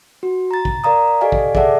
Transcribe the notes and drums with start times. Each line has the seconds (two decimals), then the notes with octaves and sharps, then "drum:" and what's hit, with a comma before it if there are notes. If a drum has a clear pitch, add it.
0.23 F#4
0.51 A#5 A6
0.65 drum: kick
0.84 A#4 D5 F5 A#5 D#6
1.21 G4 A4 D5 D#5 F5 G#5
1.32 drum: kick
1.55 G#4 A4 D5 E5 F#5 A5, drum: kick